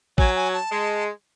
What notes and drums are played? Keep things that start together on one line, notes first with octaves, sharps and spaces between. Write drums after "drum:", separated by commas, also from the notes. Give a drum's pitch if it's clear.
F#3 G#5, drum: kick A1
G#5
A5
G#3